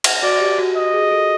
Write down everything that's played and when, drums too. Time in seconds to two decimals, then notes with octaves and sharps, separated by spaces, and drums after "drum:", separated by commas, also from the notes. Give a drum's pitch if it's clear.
0.04 drum: cymbal
0.22 F#4 D5
0.40 G4
0.58 F#4
0.76 D#5
0.93 G#4
1.11 A4